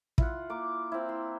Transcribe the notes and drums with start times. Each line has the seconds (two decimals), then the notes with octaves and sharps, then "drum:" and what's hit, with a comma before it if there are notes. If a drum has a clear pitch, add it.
0.18 E4 F4 F#5, drum: kick
0.50 A#3 D6
0.92 C4 E4
1.09 C6